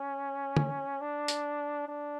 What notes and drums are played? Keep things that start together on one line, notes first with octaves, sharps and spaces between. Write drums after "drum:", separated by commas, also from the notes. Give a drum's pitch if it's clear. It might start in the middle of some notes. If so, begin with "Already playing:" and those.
Already playing: C#4
drum: tom D3
D4
drum: hi-hat
D4